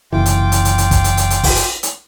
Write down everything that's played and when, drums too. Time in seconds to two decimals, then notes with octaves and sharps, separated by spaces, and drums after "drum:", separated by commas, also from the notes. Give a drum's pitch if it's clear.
0.13 F#1 F#2 C3 D#3 E3 F4 G5 D6
0.26 drum: hi-hat
0.52 drum: hi-hat
0.65 drum: hi-hat
0.78 drum: hi-hat
0.91 drum: kick, hi-hat
1.04 drum: hi-hat
1.17 drum: hi-hat
1.30 drum: hi-hat
1.44 drum: kick, open hi-hat
1.57 drum: hi-hat
1.83 drum: hi-hat